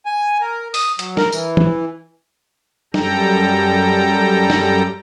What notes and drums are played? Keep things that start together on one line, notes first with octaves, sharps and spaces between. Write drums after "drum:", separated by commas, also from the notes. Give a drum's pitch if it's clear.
G#5
A#4
D#6, drum: open hi-hat
F#3, drum: hi-hat
A#4, drum: snare
E3, drum: tambourine
drum: tom
F#2 G3 A4 G5 A#5, drum: snare
drum: snare